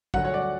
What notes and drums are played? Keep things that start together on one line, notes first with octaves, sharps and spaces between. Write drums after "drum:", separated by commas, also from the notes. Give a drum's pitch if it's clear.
D2 D3 F#3 F#5, drum: kick
C#5
D5